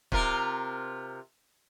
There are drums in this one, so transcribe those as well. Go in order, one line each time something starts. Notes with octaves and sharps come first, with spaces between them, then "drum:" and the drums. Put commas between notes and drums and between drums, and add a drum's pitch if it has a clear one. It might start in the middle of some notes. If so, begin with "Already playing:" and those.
C3 F4 A#4, drum: kick